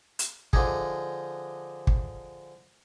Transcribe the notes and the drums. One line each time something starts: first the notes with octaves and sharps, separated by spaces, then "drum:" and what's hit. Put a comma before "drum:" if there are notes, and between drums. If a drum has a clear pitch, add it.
drum: hi-hat
D3 F3 D4 D#4 G#4, drum: kick
drum: kick